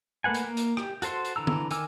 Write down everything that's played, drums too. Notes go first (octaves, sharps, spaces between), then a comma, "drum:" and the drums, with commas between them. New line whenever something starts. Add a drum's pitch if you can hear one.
A3 A#3 B4 F#5 G#5
drum: hi-hat
A#3
drum: hi-hat
G4, drum: rim click
F#4 A4 C5 C6, drum: hi-hat
drum: hi-hat
D3 E3 A#5 E6
drum: tom
D#3 A#4 G#5 D6 E6, drum: hi-hat